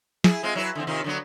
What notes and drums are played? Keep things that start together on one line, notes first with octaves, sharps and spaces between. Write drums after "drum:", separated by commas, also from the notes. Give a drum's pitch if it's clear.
E4 G#4, drum: snare
G#3 C4 F4
F#3 E4 B4
D3 E3 C4
C3 D#3 F4
D3 F#3 B3